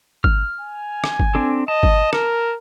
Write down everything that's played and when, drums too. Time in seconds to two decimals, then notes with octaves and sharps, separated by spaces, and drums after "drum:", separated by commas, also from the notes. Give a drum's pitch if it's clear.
0.24 F6, drum: kick G1
0.60 G#5
1.04 drum: rim click
1.20 drum: kick G1
1.35 C4 D4 A4
1.68 D#5 A5
1.83 drum: kick G1
2.13 A#4, drum: rim click